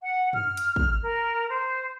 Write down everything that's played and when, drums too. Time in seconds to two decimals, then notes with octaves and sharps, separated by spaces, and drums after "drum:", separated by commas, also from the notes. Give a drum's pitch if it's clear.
0.01 F#5
0.33 F6, drum: tom
0.57 drum: hi-hat
0.76 drum: kick
1.02 A#4
1.48 C5